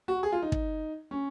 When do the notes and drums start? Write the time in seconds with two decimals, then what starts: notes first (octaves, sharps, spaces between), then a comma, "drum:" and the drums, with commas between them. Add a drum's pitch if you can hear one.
0.08 F#4
0.23 G#4
0.32 F4
0.42 D#4
0.52 drum: kick
1.11 C#4